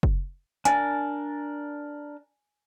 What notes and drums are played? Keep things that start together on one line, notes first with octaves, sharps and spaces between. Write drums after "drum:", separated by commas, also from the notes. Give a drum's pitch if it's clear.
drum: kick
D4 A#4 G#5 A5, drum: hi-hat